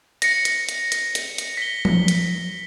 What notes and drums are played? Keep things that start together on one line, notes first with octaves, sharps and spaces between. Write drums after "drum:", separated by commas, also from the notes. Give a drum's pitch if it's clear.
A#6 C#7, drum: hi-hat
drum: hi-hat
drum: hi-hat
drum: hi-hat
drum: hi-hat
drum: hi-hat
B6 G7
drum: tom F3
drum: hi-hat